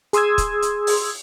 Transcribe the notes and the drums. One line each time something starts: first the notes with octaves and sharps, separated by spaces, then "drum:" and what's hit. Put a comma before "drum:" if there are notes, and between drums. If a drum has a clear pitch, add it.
G#4 C6 D#6 E6 G#6, drum: hi-hat
drum: kick, hi-hat
drum: hi-hat
drum: open hi-hat